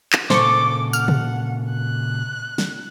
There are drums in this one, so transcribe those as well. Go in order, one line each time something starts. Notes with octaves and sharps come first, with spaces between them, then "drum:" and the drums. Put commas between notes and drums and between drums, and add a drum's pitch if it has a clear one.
drum: clap
A#2 C#3 A4 C5 C#6 D6, drum: snare
F#5 F6, drum: tambourine
drum: tom B2
F#6
drum: snare